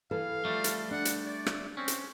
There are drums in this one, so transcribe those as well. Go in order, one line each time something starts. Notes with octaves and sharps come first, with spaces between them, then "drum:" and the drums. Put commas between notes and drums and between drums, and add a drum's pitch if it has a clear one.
E3 A4 B4 F5
F3 G3 A3
drum: hi-hat
D4 F#5
drum: hi-hat
D5
drum: rim click
C4 C#4
drum: hi-hat